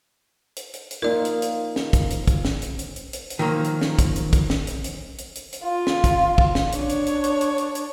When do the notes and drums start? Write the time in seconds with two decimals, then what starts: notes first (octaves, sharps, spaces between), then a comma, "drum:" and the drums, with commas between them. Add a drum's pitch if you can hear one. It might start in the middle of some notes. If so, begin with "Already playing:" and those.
0.56 drum: hi-hat
0.74 drum: hi-hat
0.91 drum: hi-hat
1.02 A#3 D#4 F4 A#4 D5
1.25 drum: hi-hat
1.42 drum: hi-hat
1.76 drum: snare
1.93 drum: kick, hi-hat
2.10 drum: hi-hat
2.28 drum: kick, hi-hat
2.45 drum: snare
2.62 drum: hi-hat
2.79 drum: hi-hat
2.96 drum: hi-hat
3.13 drum: hi-hat
3.30 drum: hi-hat
3.39 D#3 F3 F#3 A#3
3.64 drum: hi-hat
3.81 drum: snare
3.99 drum: kick, hi-hat
4.16 drum: hi-hat
4.33 drum: kick, hi-hat
4.50 drum: snare
4.67 drum: hi-hat
4.84 drum: hi-hat
5.18 drum: hi-hat
5.35 drum: hi-hat
5.53 drum: hi-hat
5.63 F4
5.87 drum: snare
6.04 drum: kick, hi-hat
6.38 drum: kick
6.55 drum: snare
6.72 D4 C#5, drum: hi-hat
6.89 drum: hi-hat
7.07 drum: hi-hat
7.24 drum: hi-hat
7.41 drum: hi-hat
7.58 drum: hi-hat
7.75 drum: hi-hat